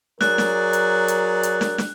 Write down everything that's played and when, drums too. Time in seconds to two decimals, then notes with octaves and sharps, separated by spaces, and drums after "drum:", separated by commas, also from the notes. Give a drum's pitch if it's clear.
0.21 F#3 G#4 A#4 D5 F#6, drum: snare
0.38 drum: snare
0.73 drum: hi-hat
1.08 drum: hi-hat
1.43 drum: hi-hat
1.61 drum: snare
1.78 drum: snare